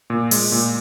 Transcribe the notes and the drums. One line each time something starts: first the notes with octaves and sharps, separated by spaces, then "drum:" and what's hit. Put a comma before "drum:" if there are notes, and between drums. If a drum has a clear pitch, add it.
A#2
G#3, drum: open hi-hat
A#2